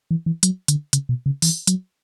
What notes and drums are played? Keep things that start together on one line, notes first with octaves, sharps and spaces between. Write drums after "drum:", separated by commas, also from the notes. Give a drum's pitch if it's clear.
E3
E3
F#3, drum: hi-hat
D3, drum: hi-hat
C#3, drum: hi-hat
B2
C#3
E3, drum: open hi-hat
F#3, drum: hi-hat